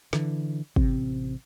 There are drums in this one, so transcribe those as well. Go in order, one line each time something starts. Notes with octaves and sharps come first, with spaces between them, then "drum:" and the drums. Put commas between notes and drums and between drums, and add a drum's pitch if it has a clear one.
D3 E3, drum: snare
A1 C3 C4, drum: kick